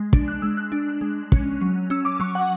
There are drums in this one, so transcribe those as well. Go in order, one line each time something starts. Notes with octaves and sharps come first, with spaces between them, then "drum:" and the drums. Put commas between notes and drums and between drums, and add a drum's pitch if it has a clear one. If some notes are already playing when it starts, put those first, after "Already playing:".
Already playing: G#3
D4, drum: kick
F#6
G#3 E6
F#6
D4
G#3
C#4, drum: kick
F#3
C#4 E6
D6
F#3 C#6
F#5